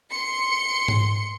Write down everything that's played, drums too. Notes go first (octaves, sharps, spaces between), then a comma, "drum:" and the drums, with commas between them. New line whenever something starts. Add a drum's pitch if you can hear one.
C6 C#7
drum: tom G#2